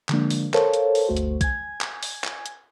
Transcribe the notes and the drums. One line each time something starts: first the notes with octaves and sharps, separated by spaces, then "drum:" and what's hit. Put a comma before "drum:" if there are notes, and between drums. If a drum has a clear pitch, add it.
D3 F3 G#3 A#3 D4, drum: clap
drum: open hi-hat
A4 A#4 C5 C#5 F5 A5, drum: clap
drum: hi-hat
drum: open hi-hat
G1 D2 A3 F#4 C5
drum: hi-hat
G#5 G#6, drum: kick B1, hi-hat
drum: clap
drum: open hi-hat
drum: clap
drum: hi-hat